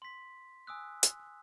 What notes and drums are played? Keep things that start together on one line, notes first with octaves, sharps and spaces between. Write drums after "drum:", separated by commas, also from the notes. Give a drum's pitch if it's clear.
C6 B6
G#5 D#6 E6 F#6
drum: hi-hat